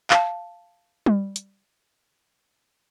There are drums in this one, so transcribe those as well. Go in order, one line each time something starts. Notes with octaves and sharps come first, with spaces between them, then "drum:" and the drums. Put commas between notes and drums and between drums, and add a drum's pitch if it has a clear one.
F5 A5, drum: clap
drum: tom G3
drum: hi-hat